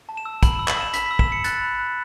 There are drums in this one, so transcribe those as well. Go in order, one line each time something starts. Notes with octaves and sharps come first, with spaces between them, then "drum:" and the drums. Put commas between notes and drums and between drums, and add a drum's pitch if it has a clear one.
A5
E7
E6
B5 F#7, drum: kick, hi-hat
E7
E6
F#7, drum: clap
E6 E7
B5 B6, drum: hi-hat
B6
E6
E7, drum: kick
E6 C#7
F#6 A6, drum: hi-hat
B5
F#6